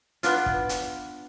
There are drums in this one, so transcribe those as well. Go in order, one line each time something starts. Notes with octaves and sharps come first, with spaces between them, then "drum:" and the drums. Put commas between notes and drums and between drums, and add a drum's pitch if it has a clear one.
B3 D4 F4, drum: hi-hat
drum: kick
drum: hi-hat